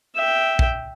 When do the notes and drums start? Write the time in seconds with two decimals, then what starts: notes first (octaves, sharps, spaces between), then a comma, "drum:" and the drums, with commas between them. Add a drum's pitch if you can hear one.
0.16 E5 G5
0.59 drum: kick A#1